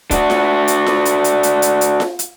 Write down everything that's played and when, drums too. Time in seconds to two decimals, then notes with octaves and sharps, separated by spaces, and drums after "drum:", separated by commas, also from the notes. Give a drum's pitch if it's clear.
0.11 D4 F#4, drum: kick, hi-hat
0.30 drum: snare F4
0.68 drum: hi-hat
0.86 drum: snare F4
1.05 drum: hi-hat
1.24 drum: hi-hat
1.43 drum: hi-hat
1.62 drum: hi-hat
1.81 drum: hi-hat
2.00 drum: snare F4
2.19 drum: hi-hat